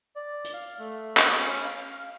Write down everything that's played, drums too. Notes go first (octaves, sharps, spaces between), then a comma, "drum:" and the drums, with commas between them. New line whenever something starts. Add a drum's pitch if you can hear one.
D5
drum: hi-hat
F5
A3
drum: clap
C#4
F5